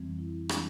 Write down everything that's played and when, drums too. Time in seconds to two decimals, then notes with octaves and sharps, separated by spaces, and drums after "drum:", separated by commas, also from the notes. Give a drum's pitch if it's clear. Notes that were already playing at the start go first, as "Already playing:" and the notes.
Already playing: F2 E3 G3 C4
0.18 E4
0.49 E3 G3 C4 D4, drum: rim click